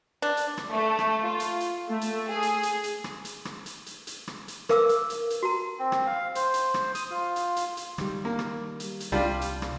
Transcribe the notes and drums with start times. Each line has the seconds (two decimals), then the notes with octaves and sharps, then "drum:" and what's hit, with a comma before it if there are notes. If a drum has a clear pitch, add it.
0.22 D4
0.37 drum: hi-hat
0.57 drum: rim click
0.70 A3
0.99 drum: rim click
1.23 F4
1.40 drum: hi-hat
1.60 drum: hi-hat
1.89 A3
2.01 drum: hi-hat
2.30 G#4
2.43 drum: hi-hat
2.63 drum: hi-hat
2.84 drum: hi-hat
3.04 drum: rim click
3.25 drum: hi-hat
3.45 drum: rim click
3.66 drum: hi-hat
3.86 drum: hi-hat
4.07 drum: hi-hat
4.28 drum: rim click
4.48 drum: hi-hat
4.69 A#4 B4 F5 D6 E6, drum: rim click
4.89 drum: hi-hat
5.10 drum: hi-hat
5.30 drum: hi-hat
5.43 F#4 A#5
5.79 C4
5.92 drum: rim click
6.07 F5
6.35 C5, drum: hi-hat
6.54 drum: hi-hat
6.74 drum: rim click
6.95 D#6, drum: hi-hat
7.10 F4
7.36 drum: hi-hat
7.56 drum: hi-hat
7.77 drum: hi-hat
7.98 D#3 G3, drum: rim click
8.25 A#3
8.39 drum: rim click
8.80 drum: hi-hat
9.00 drum: hi-hat
9.12 C2 G3 D4 F4
9.41 drum: hi-hat
9.62 drum: rim click